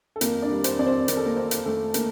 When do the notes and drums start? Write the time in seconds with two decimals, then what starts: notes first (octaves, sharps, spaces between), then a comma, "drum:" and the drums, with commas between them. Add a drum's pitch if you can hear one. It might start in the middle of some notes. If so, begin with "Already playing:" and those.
0.16 A4
0.21 F2 A#3 A#4, drum: hi-hat
0.42 D4 D5
0.50 G3
0.64 C4 C5, drum: hi-hat
0.79 F2 D5
0.86 C4 C5
1.08 F2 A#4, drum: hi-hat
1.17 A4
1.26 A#3 A#4
1.36 F2 C4 C5
1.51 drum: hi-hat
1.65 F2 A3 A4
1.94 A#3 A#4, drum: hi-hat